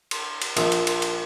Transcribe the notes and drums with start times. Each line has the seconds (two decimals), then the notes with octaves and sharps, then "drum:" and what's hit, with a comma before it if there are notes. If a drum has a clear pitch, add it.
0.11 drum: cymbal
0.42 drum: cymbal
0.57 A#1, drum: cymbal
0.72 drum: cymbal
0.87 drum: cymbal
1.02 drum: cymbal